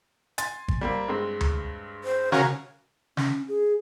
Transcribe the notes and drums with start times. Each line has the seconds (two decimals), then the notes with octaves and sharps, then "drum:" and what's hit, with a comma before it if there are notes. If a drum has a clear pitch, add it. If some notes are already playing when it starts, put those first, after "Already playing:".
0.38 G#5 C6 A6, drum: hi-hat
0.68 drum: kick G#1
0.81 G3 A#3 C4
1.08 G2 G#3 C4
1.41 drum: tom D2
2.04 C5
2.32 C#3 C#4 F#4 A#4 F5, drum: snare
3.17 C#4, drum: snare
3.48 G#4